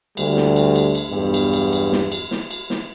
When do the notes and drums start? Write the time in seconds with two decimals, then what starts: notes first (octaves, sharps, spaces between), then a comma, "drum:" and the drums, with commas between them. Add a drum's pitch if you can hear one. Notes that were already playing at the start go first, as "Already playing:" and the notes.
0.17 D2 G3, drum: cymbal
0.37 drum: snare
0.56 drum: cymbal
0.76 drum: cymbal
0.95 drum: cymbal
1.10 B1 E2 G2
1.34 drum: cymbal
1.53 drum: cymbal
1.73 drum: cymbal
1.92 drum: snare
2.12 drum: cymbal
2.31 drum: snare
2.51 drum: cymbal
2.70 drum: snare